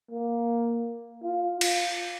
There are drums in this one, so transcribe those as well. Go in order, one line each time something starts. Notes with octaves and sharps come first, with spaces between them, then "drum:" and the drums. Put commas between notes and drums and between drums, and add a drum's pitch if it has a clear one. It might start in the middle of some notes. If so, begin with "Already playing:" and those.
A#3
F4
F4, drum: cymbal